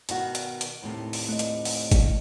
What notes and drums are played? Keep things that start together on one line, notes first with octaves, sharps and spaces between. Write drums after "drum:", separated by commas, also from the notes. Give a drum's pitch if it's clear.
B2 D#3 F#4, drum: hi-hat
drum: hi-hat
drum: hi-hat
D#2 A2 C3
drum: open hi-hat
A3 D#5
drum: hi-hat
drum: open hi-hat
drum: kick G1, hi-hat